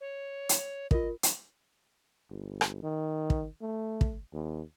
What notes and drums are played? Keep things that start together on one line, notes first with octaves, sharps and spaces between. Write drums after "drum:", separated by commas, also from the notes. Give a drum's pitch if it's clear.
C#5
drum: hi-hat
F4 A#4 D#5, drum: kick
drum: hi-hat
G1
drum: rim click
D#3
drum: kick
A3
drum: kick
D#2